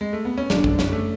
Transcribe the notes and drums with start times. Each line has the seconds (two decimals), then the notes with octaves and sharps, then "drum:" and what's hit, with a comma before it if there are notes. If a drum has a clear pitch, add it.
0.01 G#3
0.13 A3
0.25 B3
0.38 C#4
0.50 F#1 F#2 D3 D4, drum: snare
0.64 drum: kick
0.79 C#4, drum: snare
0.92 A3